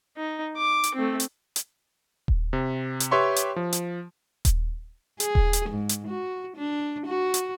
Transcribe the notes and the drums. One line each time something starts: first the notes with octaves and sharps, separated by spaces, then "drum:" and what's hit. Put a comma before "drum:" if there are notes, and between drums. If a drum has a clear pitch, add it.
D#4
D6
drum: hi-hat
A3 C4
drum: hi-hat
drum: hi-hat
drum: kick D#1
C3
drum: hi-hat
G4 B4 C#5 E5 C6 C#6
drum: hi-hat
F3
drum: hi-hat
drum: kick D#1, hi-hat
G#4, drum: hi-hat
drum: kick D#1
drum: hi-hat
G#2
drum: hi-hat
F#4
D4
F#4
drum: hi-hat